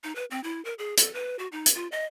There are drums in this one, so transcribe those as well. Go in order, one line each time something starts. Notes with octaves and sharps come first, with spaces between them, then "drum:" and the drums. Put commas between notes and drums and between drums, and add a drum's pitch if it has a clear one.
D#4
B4
C4
E4
A#4
G#4
A4, drum: hi-hat
B4
F#4
D#4
drum: hi-hat
F4
D#5